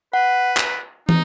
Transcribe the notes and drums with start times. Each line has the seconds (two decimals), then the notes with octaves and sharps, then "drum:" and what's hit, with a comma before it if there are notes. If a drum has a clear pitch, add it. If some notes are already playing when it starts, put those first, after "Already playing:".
0.13 B4 F#5
0.57 drum: clap
1.09 D#4, drum: tom